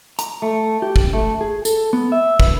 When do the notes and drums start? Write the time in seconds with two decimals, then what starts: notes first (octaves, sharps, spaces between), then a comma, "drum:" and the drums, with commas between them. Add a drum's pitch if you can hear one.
0.19 A#5, drum: hi-hat
0.42 A3
0.82 G4
0.96 drum: kick
1.13 A3
1.41 G#4
1.65 A4, drum: tambourine
1.93 B3
2.12 E5
2.40 B4, drum: kick